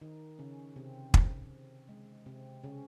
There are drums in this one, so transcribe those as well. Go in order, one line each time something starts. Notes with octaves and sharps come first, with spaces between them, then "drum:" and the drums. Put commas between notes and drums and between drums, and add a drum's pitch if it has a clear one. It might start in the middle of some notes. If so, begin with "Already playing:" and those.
D#3 D#4
C#3 C#4
C3 C4
drum: kick
G#3
C3 C4
C#3 C#4